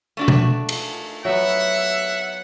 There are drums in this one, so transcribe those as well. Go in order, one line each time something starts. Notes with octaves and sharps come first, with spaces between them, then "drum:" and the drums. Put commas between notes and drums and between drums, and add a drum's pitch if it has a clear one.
A3 D4 F#4
drum: tom B2
drum: cymbal
F#3 B3 E5 F#5